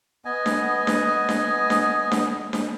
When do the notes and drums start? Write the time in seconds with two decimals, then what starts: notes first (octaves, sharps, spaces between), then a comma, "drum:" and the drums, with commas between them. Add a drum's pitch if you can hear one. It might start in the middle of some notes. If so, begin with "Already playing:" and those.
0.25 B3 D#5 G#5
0.46 drum: snare D4
0.87 drum: snare D4
1.29 drum: snare D4
1.70 drum: snare D4
2.12 drum: snare D4
2.53 drum: snare D4